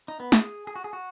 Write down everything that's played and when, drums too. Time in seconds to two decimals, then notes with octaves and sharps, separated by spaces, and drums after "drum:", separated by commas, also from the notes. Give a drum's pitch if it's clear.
0.08 D#4
0.20 B3
0.32 G#4, drum: snare
0.67 G#4
0.76 F#4
0.84 G#4
0.93 F#4